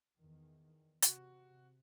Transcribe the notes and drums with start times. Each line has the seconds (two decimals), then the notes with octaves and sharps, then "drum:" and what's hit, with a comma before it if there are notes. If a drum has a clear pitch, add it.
0.18 E2 D#3
1.02 C3 F#4, drum: hi-hat